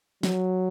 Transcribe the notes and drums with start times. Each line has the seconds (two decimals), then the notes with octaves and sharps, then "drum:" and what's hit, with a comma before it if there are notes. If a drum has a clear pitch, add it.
0.23 F#3, drum: snare